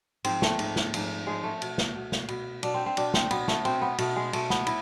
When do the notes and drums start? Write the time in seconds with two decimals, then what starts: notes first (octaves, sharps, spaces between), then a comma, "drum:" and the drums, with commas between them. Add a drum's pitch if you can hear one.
0.24 G#2 F3 C4, drum: cymbal
0.42 A3, drum: snare
0.59 G#2 F3, drum: cymbal
0.76 drum: snare
0.94 G#2 F3, drum: cymbal
1.26 G#2 F3 G#3
1.44 A3
1.62 B2, drum: cymbal
1.78 drum: snare
1.95 B2
2.12 drum: snare
2.28 B2, drum: cymbal
2.63 B2 D4, drum: cymbal
2.74 C4
2.86 C4
2.97 B2 D4, drum: cymbal
3.14 C4, drum: snare
3.31 B2 B3, drum: cymbal
3.48 A3, drum: snare
3.65 B2 C4, drum: cymbal
3.81 B3
3.98 B2 A3, drum: cymbal
4.16 G#3
4.33 B2 A3, drum: cymbal
4.50 B3, drum: snare
4.67 E4, drum: cymbal